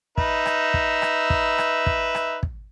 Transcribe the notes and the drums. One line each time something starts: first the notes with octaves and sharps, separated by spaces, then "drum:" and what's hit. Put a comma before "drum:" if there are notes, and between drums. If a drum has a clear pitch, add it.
D#4 B4 E5, drum: kick
drum: rim click
drum: kick
drum: rim click
drum: kick
drum: rim click
drum: kick
drum: rim click
drum: kick